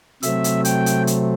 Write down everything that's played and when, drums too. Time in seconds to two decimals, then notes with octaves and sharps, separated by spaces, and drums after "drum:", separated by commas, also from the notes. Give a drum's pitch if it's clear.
0.23 C3 F#3 A3 C4 E5, drum: hi-hat
0.44 drum: hi-hat
0.65 G5, drum: hi-hat
0.86 drum: hi-hat
1.07 drum: hi-hat